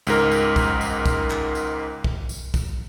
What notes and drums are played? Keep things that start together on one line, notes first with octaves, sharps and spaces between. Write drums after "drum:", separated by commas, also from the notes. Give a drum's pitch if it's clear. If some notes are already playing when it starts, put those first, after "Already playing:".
C#2 G#2 A#4, drum: tambourine
drum: tambourine
drum: kick, tambourine
drum: tambourine
drum: kick, tambourine
drum: clap
drum: tambourine
drum: kick
drum: tambourine
drum: kick, tambourine